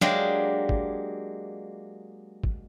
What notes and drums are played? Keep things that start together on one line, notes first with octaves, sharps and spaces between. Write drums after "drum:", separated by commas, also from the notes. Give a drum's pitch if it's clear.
F#3 G#3 A#3 D4 G4, drum: snare
drum: kick
drum: kick